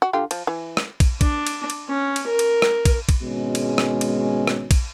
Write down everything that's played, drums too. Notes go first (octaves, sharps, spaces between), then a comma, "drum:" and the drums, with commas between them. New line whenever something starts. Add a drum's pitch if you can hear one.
F#4
D3 F4 G4
F3, drum: cymbal
E3
drum: rim click
drum: kick, cymbal
D4, drum: kick, cymbal
drum: cymbal
drum: cymbal
C#4
drum: cymbal
A#4
drum: cymbal
drum: rim click
drum: kick, cymbal
drum: kick, cymbal
G#1 B2 G#3 C#4
drum: cymbal
drum: rim click
drum: cymbal
drum: rim click
drum: kick, cymbal